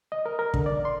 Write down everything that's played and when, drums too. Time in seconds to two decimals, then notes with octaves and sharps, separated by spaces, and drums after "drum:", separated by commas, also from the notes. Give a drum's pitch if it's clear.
0.12 D#5
0.26 A#4
0.39 A#4
0.54 D3, drum: kick
0.66 D5
0.85 C6